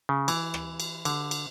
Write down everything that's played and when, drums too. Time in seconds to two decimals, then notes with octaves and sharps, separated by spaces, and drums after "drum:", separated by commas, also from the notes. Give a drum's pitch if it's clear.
0.09 C#3
0.28 E3, drum: cymbal
0.54 drum: rim click
0.80 drum: cymbal
1.05 D3, drum: cymbal
1.31 drum: cymbal